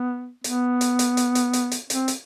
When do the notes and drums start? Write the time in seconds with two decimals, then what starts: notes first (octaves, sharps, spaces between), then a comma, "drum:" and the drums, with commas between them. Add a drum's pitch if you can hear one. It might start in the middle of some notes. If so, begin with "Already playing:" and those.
Already playing: B3
0.44 B3, drum: hi-hat
0.81 drum: hi-hat
0.99 drum: hi-hat
1.17 drum: hi-hat
1.35 drum: hi-hat
1.53 drum: hi-hat
1.72 drum: hi-hat
1.90 C4, drum: hi-hat
2.08 drum: hi-hat